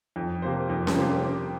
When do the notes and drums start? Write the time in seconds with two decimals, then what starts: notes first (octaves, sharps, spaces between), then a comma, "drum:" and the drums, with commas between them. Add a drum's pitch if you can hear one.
0.16 F2
0.42 C3 A#3 G4 C5
0.70 F2
0.87 drum: snare C#4
0.97 C3 A#3 G4 C5